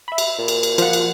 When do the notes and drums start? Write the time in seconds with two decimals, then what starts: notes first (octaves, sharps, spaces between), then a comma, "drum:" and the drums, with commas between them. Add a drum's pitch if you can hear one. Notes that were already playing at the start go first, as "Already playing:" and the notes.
0.08 E5 B5
0.18 drum: cymbal
0.39 A#2
0.48 drum: cymbal
0.63 drum: cymbal
0.78 F3 F#5, drum: cymbal
0.93 drum: cymbal